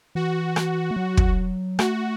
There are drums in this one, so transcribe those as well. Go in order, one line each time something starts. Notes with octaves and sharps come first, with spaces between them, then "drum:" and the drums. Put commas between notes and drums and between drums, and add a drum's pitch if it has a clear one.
E3 F#4
drum: rim click
A3
F#3
drum: kick
A3 F#4, drum: rim click